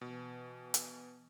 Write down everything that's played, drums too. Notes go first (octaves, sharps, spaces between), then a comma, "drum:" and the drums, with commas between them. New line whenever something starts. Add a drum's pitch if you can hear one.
B2 E3
drum: hi-hat